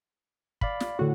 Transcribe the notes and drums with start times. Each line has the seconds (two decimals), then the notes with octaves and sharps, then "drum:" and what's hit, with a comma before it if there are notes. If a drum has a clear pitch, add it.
0.61 D5 F5 B5, drum: kick
0.80 drum: snare
0.99 A2 D3 F#4